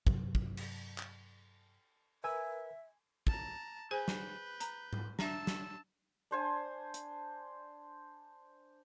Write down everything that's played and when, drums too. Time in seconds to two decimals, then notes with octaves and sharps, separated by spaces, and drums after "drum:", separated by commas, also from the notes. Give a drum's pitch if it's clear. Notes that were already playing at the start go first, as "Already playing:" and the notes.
0.07 G2 C3 F#3, drum: kick
0.35 drum: kick
0.57 drum: cymbal
0.98 drum: clap
2.24 A#4 B4 E5 G#5 E6 G#6
3.27 A5 A#5, drum: kick
3.91 G#4 B4 C5 G#5 G6
4.08 drum: snare
4.60 A#5, drum: hi-hat
4.93 drum: tom G#2
5.19 D4 E5 A5 E6, drum: snare
5.47 drum: snare
6.31 D4 C5 G#5
6.94 drum: hi-hat